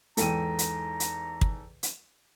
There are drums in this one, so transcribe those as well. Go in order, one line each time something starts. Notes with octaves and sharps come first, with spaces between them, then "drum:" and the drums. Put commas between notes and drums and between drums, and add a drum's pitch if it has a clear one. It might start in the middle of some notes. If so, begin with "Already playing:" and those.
E2 G#2 A4 G5 A#5 D#7, drum: hi-hat
drum: hi-hat
drum: hi-hat
drum: kick
drum: hi-hat